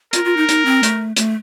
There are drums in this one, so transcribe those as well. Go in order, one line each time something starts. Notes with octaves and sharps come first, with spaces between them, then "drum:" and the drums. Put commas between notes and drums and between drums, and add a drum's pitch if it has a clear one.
F4 A#4, drum: hi-hat
F4
D#4
D#4, drum: hi-hat
C4
A3, drum: hi-hat
A3, drum: hi-hat